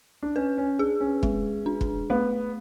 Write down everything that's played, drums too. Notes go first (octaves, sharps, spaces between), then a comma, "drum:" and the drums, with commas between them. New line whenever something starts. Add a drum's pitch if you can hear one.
D4
C#4 B4
C#4
D4 G#4
C#4
G#3, drum: kick
D4
drum: kick
A3 B3